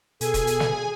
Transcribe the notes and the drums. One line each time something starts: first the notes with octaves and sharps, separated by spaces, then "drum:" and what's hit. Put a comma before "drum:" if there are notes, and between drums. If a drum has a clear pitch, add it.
B2 G#4 A4 G#5, drum: hi-hat
drum: kick E1, hi-hat
drum: hi-hat
drum: snare